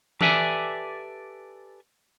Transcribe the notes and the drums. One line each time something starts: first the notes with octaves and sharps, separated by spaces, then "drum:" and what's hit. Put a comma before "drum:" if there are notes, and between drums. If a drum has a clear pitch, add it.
G4 A4 B4 D5 E5 G#5, drum: tom E3